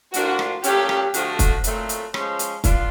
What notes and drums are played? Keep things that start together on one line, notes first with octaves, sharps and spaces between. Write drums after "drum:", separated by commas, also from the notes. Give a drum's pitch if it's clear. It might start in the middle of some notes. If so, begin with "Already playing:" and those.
A2 F3 A#3 D4 F4 F#4, drum: hi-hat
drum: rim click
A#2 F#3 A3 C#4 G4, drum: hi-hat
drum: rim click
D3 F3 A3 D4 F#4, drum: hi-hat
drum: kick, hi-hat
A#2 F#3 A3 C4, drum: hi-hat
drum: hi-hat
F3 G#3 C#4, drum: rim click
drum: hi-hat
B3 D4 F4, drum: kick, hi-hat